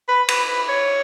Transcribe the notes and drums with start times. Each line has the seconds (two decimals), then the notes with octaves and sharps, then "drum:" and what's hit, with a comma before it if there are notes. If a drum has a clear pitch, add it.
0.08 B4
0.29 B4, drum: cymbal
0.48 B4
0.69 C#5